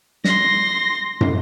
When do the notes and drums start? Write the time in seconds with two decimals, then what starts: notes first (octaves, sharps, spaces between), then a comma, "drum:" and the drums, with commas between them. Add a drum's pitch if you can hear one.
0.24 C6 A#6, drum: snare
1.21 drum: tom